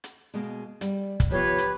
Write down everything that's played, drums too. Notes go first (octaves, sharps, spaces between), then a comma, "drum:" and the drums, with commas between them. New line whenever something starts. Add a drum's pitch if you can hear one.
drum: hi-hat
B2 G#3 A#3
G3, drum: hi-hat
drum: kick, hi-hat
F3 B3 F4 G4 B4 C#5
drum: hi-hat